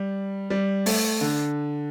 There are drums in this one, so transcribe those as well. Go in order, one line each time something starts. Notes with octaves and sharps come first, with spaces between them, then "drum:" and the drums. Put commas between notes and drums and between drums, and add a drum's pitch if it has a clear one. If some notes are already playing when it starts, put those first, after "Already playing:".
Already playing: G3
G3
A3, drum: open hi-hat
D3